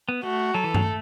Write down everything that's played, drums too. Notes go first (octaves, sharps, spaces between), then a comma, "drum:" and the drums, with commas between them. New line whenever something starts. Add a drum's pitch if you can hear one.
B3
A3 F#4
F#3 A4
E3
F#3, drum: tom G2
A3